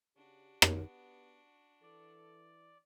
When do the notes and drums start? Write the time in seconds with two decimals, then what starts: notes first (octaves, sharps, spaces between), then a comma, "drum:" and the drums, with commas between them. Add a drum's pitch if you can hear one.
0.17 C#3 D4 F#4 G4
0.62 B3, drum: rim click
1.83 E3 A4 D5